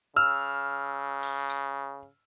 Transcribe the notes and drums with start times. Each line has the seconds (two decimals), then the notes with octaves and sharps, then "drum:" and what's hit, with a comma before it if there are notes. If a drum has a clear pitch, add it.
0.16 C#3 E6 F6
1.23 drum: open hi-hat
1.50 drum: tambourine